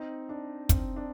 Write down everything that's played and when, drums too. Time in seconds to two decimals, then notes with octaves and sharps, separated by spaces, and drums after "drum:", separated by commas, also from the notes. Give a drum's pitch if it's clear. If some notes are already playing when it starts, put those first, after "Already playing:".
Already playing: C4 D#4
0.29 D4
0.69 C4, drum: kick, hi-hat
0.96 D4